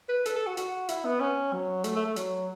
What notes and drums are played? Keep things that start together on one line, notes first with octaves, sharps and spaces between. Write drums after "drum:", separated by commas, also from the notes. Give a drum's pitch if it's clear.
B4
A4, drum: hi-hat
A4
F#4
F#4, drum: hi-hat
E4, drum: hi-hat
B3
C#4
F#3
A3, drum: hi-hat
A3
A3
F#3, drum: hi-hat